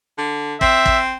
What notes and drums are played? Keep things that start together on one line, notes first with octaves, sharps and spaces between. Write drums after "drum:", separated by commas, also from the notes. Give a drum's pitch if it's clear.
D3
C4 E5, drum: kick
drum: kick